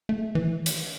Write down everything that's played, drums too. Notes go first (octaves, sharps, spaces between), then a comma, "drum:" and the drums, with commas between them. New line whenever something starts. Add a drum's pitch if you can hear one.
A3
E3
drum: hi-hat